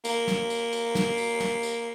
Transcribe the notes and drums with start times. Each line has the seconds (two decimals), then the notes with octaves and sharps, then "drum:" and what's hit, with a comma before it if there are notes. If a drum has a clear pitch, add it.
0.05 A#3, drum: tambourine
0.28 drum: snare
0.50 drum: tambourine
0.73 drum: tambourine
0.95 drum: snare
1.18 drum: tambourine
1.40 drum: snare
1.63 drum: tambourine